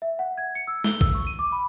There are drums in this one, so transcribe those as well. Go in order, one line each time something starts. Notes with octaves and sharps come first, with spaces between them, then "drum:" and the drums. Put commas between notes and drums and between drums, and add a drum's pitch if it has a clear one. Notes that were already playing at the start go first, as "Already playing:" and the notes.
E5
F#5
G#6
C#7
E6
G7, drum: snare
E6, drum: kick
C#6
D#7
D6
B5